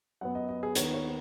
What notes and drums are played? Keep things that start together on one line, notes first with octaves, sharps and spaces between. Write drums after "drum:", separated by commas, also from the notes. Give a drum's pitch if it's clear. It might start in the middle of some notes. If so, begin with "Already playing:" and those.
F#2 F#3 B3 F#5
D#5
D#5
G#4
D#2 D#3 B3 C#5, drum: hi-hat
C#5